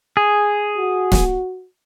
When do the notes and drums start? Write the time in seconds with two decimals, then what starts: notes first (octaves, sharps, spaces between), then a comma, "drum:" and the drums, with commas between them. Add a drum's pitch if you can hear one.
0.17 G#4
0.77 F#4
1.12 drum: snare